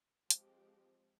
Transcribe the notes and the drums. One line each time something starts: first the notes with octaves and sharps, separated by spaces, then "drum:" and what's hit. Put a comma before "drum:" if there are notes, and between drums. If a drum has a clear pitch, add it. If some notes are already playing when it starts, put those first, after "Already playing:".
F3 G#3 C4 G4, drum: hi-hat